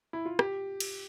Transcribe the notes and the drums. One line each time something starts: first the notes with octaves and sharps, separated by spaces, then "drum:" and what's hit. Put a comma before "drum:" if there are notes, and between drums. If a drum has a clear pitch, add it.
E4
F4
G4, drum: rim click
drum: cymbal